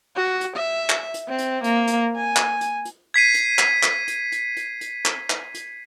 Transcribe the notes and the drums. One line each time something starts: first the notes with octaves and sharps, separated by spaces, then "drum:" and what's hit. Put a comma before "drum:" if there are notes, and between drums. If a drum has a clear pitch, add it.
F#4
drum: hi-hat
E5
drum: clap
drum: hi-hat
C4
drum: hi-hat
A#3, drum: hi-hat
drum: hi-hat
G#5
drum: clap
drum: hi-hat
drum: hi-hat
G#6 B6 C7 D#7
drum: hi-hat
drum: clap
drum: clap
drum: hi-hat
drum: hi-hat
drum: hi-hat
drum: hi-hat
drum: clap
drum: clap
drum: hi-hat